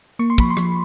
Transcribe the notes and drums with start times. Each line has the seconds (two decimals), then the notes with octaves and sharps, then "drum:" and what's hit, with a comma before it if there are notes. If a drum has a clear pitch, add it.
0.19 A#3 C#6
0.30 C6
0.38 F3 B5, drum: kick
0.50 C6
0.57 F3, drum: rim click